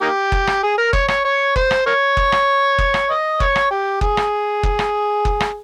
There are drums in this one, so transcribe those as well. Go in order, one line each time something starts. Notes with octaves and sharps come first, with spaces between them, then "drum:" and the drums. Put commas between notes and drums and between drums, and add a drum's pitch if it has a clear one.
A#3 D#4 G4
drum: kick F#1
drum: rim click
G#4
A#4
C#5, drum: kick F#1
C#5, drum: rim click
C#5
C5, drum: kick F#1
drum: rim click
A#4 C#5
drum: kick F#1
drum: rim click
drum: kick F#1
drum: rim click
D#5
C#5, drum: kick F#1
drum: rim click
G4
G#4, drum: kick F#1
drum: rim click
drum: kick F#1
drum: rim click
drum: kick F#1
drum: rim click